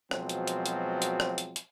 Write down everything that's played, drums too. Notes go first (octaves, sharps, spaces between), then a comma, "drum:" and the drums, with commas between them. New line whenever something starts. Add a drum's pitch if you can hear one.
B2 F3 F#3 G#3 C4, drum: rim click
drum: hi-hat
drum: hi-hat
drum: hi-hat
drum: hi-hat
drum: rim click
drum: hi-hat
drum: hi-hat